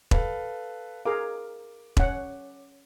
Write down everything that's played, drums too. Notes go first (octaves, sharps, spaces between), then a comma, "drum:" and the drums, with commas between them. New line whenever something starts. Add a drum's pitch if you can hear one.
A4 B4 F5, drum: kick E1
G#4 A#4 F5 D6
C#4 F#5, drum: kick E1